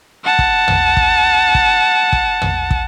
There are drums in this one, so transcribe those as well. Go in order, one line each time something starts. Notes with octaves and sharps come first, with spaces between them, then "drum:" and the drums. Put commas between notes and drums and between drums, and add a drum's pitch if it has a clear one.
F#5 A5
drum: kick
drum: tom
drum: kick
drum: kick
drum: kick
drum: tom
drum: kick